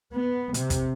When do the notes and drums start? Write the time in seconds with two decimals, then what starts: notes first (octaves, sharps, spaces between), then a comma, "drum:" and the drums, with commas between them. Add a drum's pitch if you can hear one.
0.12 B3
0.54 C3, drum: hi-hat
0.70 drum: kick, hi-hat